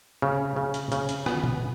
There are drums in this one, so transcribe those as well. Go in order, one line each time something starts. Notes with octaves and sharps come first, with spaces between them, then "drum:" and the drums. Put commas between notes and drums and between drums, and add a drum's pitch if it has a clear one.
C#3
C#3
drum: hi-hat
C#3, drum: hi-hat
drum: hi-hat
B3, drum: rim click
drum: tom B2